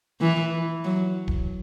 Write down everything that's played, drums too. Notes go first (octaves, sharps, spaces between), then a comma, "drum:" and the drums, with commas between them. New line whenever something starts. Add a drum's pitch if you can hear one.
E3
F#3
drum: kick D1